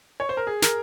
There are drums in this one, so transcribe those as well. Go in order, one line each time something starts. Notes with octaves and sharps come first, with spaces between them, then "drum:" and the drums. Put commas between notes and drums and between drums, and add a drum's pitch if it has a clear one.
C#5
C5
A#4
G#4
A#4, drum: snare